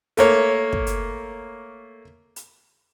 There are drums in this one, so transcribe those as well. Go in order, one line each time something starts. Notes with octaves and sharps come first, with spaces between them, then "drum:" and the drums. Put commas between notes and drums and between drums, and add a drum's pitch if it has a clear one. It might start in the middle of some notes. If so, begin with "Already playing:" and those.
A3 A#3 C#5, drum: hi-hat
drum: kick
drum: hi-hat
drum: hi-hat